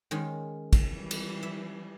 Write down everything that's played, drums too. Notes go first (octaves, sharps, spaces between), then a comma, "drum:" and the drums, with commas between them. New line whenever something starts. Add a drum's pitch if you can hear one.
D#3 G#3 C#4
drum: kick, cymbal
E3 G3
drum: cymbal
E5